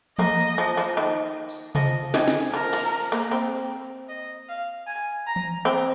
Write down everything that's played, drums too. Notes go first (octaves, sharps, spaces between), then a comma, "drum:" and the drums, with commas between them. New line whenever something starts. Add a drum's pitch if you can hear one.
A#3 D#5, drum: tom E3
F3
F3
D#3
drum: open hi-hat
F3 D#5, drum: tom C3
D#3 G#5, drum: snare
drum: snare
F3 A#4
F3, drum: cymbal
A#3, drum: hi-hat
C4
D#5
F5
G#5
A#5
drum: tom E3
C4